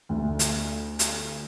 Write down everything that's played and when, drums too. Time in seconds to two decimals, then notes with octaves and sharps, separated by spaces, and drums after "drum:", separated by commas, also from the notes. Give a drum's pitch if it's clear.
0.09 D2 A3
0.39 drum: hi-hat
0.99 drum: hi-hat